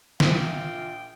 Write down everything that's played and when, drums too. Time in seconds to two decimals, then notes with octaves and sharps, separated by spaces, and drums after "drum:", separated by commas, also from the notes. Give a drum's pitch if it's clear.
0.20 A#1 A#2 F5 G5, drum: snare